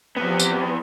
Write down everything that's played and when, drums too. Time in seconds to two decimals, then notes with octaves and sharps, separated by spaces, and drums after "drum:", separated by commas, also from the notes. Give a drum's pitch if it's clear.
0.17 E2 F3 B3 C4 G4
0.40 drum: tambourine